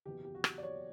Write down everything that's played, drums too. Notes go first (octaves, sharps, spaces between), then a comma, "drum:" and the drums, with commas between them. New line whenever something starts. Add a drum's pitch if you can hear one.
F#1 E2 B2 F#3 G4
G4
F#4
G4, drum: rim click
D5
C#5